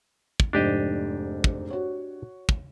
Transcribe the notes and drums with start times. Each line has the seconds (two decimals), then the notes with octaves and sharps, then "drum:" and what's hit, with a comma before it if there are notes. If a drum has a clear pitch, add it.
0.40 drum: kick
0.53 F1 G#2 D4 G4 D#5
1.44 drum: kick
1.70 F#4 C#5
2.49 drum: kick